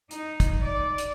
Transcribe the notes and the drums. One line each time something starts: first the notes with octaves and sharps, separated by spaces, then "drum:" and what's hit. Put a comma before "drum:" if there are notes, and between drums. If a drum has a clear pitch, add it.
D#4, drum: hi-hat
drum: kick, hi-hat
D5
drum: hi-hat